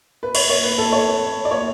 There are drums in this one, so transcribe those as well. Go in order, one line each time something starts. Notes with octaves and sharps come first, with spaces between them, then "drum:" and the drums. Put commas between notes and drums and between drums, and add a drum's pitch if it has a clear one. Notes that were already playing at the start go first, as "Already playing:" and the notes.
B4
C#5, drum: cymbal
C#5
B4
A4
C#5
D5
C#5